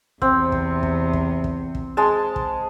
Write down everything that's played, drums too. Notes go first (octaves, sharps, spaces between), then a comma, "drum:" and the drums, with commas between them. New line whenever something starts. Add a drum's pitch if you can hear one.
E2 C3 C4, drum: kick
drum: kick
drum: kick
drum: kick
drum: kick
drum: kick
G#3 A5
drum: kick